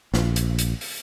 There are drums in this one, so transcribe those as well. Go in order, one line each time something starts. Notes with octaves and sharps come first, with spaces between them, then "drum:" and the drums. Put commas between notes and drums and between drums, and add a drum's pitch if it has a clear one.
A#1, drum: snare
drum: hi-hat
drum: hi-hat
drum: open hi-hat